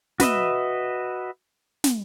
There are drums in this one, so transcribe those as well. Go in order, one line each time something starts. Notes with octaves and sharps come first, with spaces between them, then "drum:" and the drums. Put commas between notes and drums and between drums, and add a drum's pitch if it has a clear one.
F#4 B4 D#5 E5, drum: snare
drum: snare